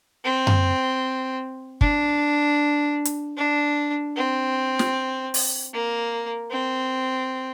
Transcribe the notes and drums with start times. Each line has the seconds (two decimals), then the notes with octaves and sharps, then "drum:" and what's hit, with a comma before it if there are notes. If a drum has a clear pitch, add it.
0.25 C4
0.47 drum: tom F#2
1.81 D4, drum: kick
3.05 drum: hi-hat
3.37 D4
4.16 C4
4.79 drum: snare
5.34 drum: open hi-hat
5.73 A#3
6.50 C4